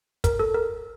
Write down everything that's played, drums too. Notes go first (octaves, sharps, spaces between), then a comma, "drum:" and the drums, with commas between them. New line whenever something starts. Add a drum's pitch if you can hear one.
A#4, drum: kick, hi-hat
A4
A#4